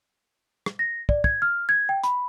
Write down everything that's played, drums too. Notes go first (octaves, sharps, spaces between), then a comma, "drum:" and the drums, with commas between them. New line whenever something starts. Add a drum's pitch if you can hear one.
drum: rim click
A#6
D5, drum: kick
G#6, drum: kick
F6
G#6
G5
B5, drum: hi-hat